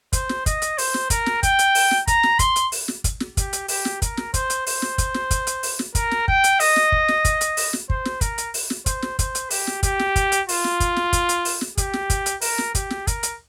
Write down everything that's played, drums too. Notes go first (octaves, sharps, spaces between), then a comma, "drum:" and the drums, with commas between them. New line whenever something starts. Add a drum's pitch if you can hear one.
C5, drum: kick, hi-hat
drum: snare
D#5, drum: kick, hi-hat
drum: hi-hat
C5, drum: open hi-hat
drum: snare
A#4, drum: kick, hi-hat
drum: snare
G5, drum: kick, hi-hat
drum: hi-hat
drum: open hi-hat
drum: snare
A#5, drum: kick, hi-hat
drum: snare
C6, drum: kick, hi-hat
drum: hi-hat
drum: open hi-hat
drum: snare
drum: kick, hi-hat
drum: snare
G4, drum: kick, hi-hat
drum: hi-hat
G4, drum: open hi-hat
drum: snare
A#4, drum: kick, hi-hat
drum: snare
C5, drum: kick, hi-hat
drum: hi-hat
C5, drum: open hi-hat
drum: snare
drum: kick, hi-hat
drum: snare
drum: kick, hi-hat
drum: hi-hat
drum: open hi-hat
drum: snare
A#4, drum: kick, hi-hat
drum: snare
G5, drum: kick
drum: hi-hat
D#5, drum: open hi-hat
drum: snare
drum: kick
drum: snare
drum: kick, hi-hat
drum: hi-hat
drum: open hi-hat
drum: snare
C5, drum: kick
drum: snare
A#4, drum: kick, hi-hat
drum: hi-hat
drum: open hi-hat
drum: snare
C5, drum: kick, hi-hat
drum: snare
C5, drum: kick, hi-hat
drum: hi-hat
G4, drum: open hi-hat
drum: snare
G4, drum: kick, hi-hat
drum: snare
drum: kick, hi-hat
drum: hi-hat
F4, drum: open hi-hat
drum: snare
drum: kick, hi-hat
drum: snare
drum: kick, hi-hat
drum: hi-hat
drum: open hi-hat
drum: snare
G4, drum: kick, hi-hat
drum: snare
drum: kick, hi-hat
drum: hi-hat
A#4, drum: open hi-hat
drum: snare
G4, drum: kick, hi-hat
drum: snare
A#4, drum: kick, hi-hat
drum: hi-hat